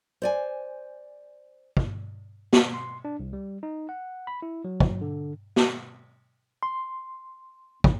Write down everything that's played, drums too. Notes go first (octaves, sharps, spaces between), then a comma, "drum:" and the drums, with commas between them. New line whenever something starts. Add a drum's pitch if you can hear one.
C5 D5 G#5
drum: kick
drum: snare
C6
D4
C2
G3
D#4
F#5
B5
E4
F#3
drum: kick
D3
drum: snare
C6
drum: kick